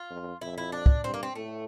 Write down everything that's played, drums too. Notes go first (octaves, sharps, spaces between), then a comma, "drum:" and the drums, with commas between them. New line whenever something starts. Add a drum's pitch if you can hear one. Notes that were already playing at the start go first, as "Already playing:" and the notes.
Already playing: F4
F2
F2 E4
E4
D4
drum: kick
G2 C4
A#3
C4
A2 A3